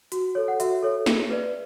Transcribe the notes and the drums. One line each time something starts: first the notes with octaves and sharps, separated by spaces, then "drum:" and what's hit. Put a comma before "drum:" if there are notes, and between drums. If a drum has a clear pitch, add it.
F#4, drum: hi-hat
A4 C#5
F#5
F#4 E5, drum: hi-hat
A4 C#5
G#4, drum: snare
B4 D5